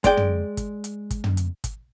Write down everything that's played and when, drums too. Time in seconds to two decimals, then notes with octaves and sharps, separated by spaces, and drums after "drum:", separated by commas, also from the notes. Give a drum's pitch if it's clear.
0.04 G#3 D5 G5, drum: kick, hi-hat
0.17 drum: tom
0.57 drum: kick, hi-hat
0.84 drum: hi-hat
1.10 drum: kick, hi-hat
1.24 drum: tom
1.37 drum: hi-hat
1.64 drum: kick, hi-hat